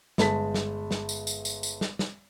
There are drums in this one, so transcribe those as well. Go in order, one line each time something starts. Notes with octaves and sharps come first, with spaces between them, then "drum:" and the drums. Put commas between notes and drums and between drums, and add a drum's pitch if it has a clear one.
G1 G#3 A5 B6, drum: snare
drum: snare
drum: snare
drum: tambourine
drum: tambourine
drum: tambourine
drum: tambourine
drum: snare
drum: snare